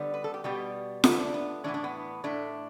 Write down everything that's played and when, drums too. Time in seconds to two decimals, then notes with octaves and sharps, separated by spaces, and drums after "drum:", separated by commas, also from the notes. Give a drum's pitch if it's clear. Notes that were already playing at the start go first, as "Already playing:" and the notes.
Already playing: D3 G3 B3
0.14 B4
0.24 A4
0.34 G4
0.44 B2 G3 B3 G4
1.04 D3 A3 B3, drum: snare
1.19 D4
1.34 B3
1.64 A2 E3 B3 D4
1.74 D4
1.84 B3
2.24 A2 A3 D4